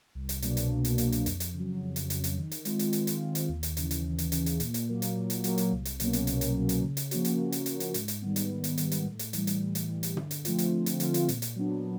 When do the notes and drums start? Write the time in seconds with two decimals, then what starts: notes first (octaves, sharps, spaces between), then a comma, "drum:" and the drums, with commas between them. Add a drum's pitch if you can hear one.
0.15 C2
0.29 drum: hi-hat
0.42 B2 F#3 A#3 D4, drum: hi-hat
0.57 drum: hi-hat
0.71 C2
0.85 drum: hi-hat
0.98 B2 F#3 A#3 D4, drum: hi-hat
1.12 drum: hi-hat
1.26 F2, drum: hi-hat
1.40 drum: hi-hat
1.54 C#3
1.59 F#3
1.82 F2
1.96 drum: hi-hat
2.10 C#3 F#3, drum: hi-hat
2.24 drum: hi-hat
2.37 D#3
2.52 drum: hi-hat
2.65 G#3 C4 F4, drum: hi-hat
2.79 drum: hi-hat
2.93 D#3, drum: hi-hat
3.07 drum: hi-hat
3.21 G#3 C4 F4
3.35 drum: hi-hat
3.49 D#2
3.63 drum: hi-hat
3.77 C#3 E3, drum: hi-hat
3.91 drum: hi-hat
4.05 D#2
4.18 drum: hi-hat
4.32 C#3 E3, drum: hi-hat
4.46 drum: hi-hat
4.60 A#2, drum: hi-hat
4.74 drum: hi-hat
4.89 F#3 A#3
5.02 drum: hi-hat
5.16 A#2
5.30 drum: hi-hat
5.44 F#3 A#3, drum: hi-hat
5.58 drum: hi-hat
5.72 C2
5.85 drum: hi-hat
6.00 B2 F#3 A#3 C#4, drum: hi-hat
6.13 drum: hi-hat
6.27 C2, drum: hi-hat
6.41 drum: hi-hat
6.55 B2 F#3 A#3 C#4
6.69 drum: hi-hat
6.82 C#3
6.97 drum: hi-hat
7.11 F3 A#3 C#4 F#4, drum: hi-hat
7.25 drum: hi-hat
7.39 C#3
7.52 drum: hi-hat
7.66 F3 A#3 C#4 F#4, drum: hi-hat
7.80 drum: hi-hat
7.94 G#2, drum: hi-hat
8.08 drum: hi-hat
8.22 D#3 G3 B3
8.36 drum: hi-hat
8.50 G#2
8.64 drum: hi-hat
8.78 D#3 G3 B3, drum: hi-hat
8.92 drum: hi-hat
9.05 A2
9.19 drum: hi-hat
9.33 E3 G3, drum: hi-hat
9.47 drum: hi-hat
9.61 A2
9.75 drum: hi-hat
9.89 E3 G3
10.03 drum: hi-hat
10.17 D3, drum: tom
10.31 drum: hi-hat
10.45 F3 A3 C4 F4, drum: hi-hat
10.58 drum: hi-hat
10.72 D3
10.86 drum: hi-hat
11.00 F3 A3 C4 F4, drum: hi-hat
11.14 drum: hi-hat
11.29 A#2, drum: hi-hat
11.42 drum: hi-hat
11.56 F#3 B3 D4